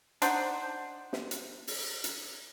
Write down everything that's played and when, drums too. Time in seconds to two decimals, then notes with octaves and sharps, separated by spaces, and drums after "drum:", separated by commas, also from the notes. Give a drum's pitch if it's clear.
0.22 D4 D#4 C5 F#5, drum: hi-hat
1.13 drum: snare
1.31 drum: hi-hat
1.67 drum: open hi-hat
2.04 drum: hi-hat